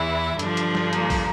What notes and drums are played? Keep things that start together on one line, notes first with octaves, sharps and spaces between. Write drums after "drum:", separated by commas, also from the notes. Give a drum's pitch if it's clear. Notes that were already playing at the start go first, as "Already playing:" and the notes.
Already playing: E2 E3 E4
G2 D3 F3 D4, drum: hi-hat
drum: hi-hat
drum: snare
A#3, drum: hi-hat
drum: kick, open hi-hat